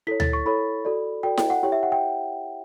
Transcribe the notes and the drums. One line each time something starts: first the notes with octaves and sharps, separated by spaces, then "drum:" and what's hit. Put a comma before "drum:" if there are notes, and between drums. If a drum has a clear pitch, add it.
E4 A4 C#5 B6
A6, drum: tom D2
C#6
E4 A4 C#5 B5
F#4 A4 D5
F#4 A4 D5 G5
G5, drum: snare E4
F#5
E4 G4 C#5 G5
E5
F#5
G5